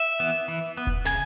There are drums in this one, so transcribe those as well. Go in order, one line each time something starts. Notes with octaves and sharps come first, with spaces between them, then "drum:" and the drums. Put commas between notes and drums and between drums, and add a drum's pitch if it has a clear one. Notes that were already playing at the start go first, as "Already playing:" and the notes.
Already playing: E5
E3 B3
E3
B3
drum: kick E1
C#3 G#5, drum: snare